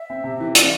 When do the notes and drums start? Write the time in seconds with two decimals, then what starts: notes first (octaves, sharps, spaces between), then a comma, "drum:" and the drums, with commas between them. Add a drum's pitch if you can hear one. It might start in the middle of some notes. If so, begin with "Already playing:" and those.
Already playing: E5
0.10 C4
0.24 C3
0.40 E3
0.55 F4 D5, drum: hi-hat